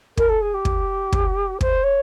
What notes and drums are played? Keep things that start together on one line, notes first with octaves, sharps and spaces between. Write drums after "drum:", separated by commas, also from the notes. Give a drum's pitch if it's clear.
A#4, drum: kick
A4
G#4
G4
drum: kick
drum: kick
C5, drum: kick
C#5